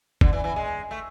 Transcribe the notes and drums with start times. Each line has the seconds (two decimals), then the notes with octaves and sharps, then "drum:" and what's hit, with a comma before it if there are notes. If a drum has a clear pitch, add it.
0.21 D3, drum: kick
0.33 E3
0.44 E3
0.56 G#3
0.91 A3